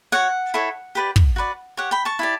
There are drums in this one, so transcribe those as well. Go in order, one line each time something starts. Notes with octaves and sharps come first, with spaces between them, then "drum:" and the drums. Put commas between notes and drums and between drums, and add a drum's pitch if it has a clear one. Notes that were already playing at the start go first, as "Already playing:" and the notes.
F#4 C#5 F#5
E4 A4 C#5
G4 B4 D5
drum: kick
F#4 B4 D5
G4 C#5 F#5
G5 B5
A5 C#6
E4 G4 D5